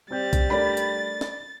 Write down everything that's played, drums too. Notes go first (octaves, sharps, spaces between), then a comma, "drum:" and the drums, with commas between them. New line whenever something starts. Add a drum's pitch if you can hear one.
G3 C4 G4 G6 A6
drum: kick B1, hi-hat
A3 D4 A#4 D5 B5
drum: hi-hat
drum: snare